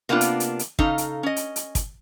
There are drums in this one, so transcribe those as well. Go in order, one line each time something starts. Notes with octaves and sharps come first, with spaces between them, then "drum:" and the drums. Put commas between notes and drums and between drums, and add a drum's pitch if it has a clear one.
C3 A#3 B3 D4 F4
drum: hi-hat
drum: hi-hat
drum: hi-hat
C#3 D#4 A4 F5 A#5, drum: kick
drum: hi-hat
C#4 D#5
drum: hi-hat
drum: hi-hat
drum: kick, hi-hat